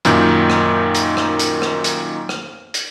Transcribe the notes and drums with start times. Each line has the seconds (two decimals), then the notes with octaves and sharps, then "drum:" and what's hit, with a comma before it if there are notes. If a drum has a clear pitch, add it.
0.05 F#2 A#2 D#3 G6, drum: hi-hat
0.50 drum: rim click
0.95 drum: hi-hat
1.17 drum: rim click
1.39 drum: hi-hat
1.62 drum: rim click
1.84 drum: hi-hat
2.29 drum: rim click
2.74 drum: hi-hat